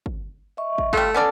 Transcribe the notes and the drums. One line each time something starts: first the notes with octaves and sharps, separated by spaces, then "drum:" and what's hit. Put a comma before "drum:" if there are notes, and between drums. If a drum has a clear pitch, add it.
drum: kick
D#5 E5 C#6
drum: kick
G3 A3 F4, drum: kick
B3 C#4 A4 D5 A5 E6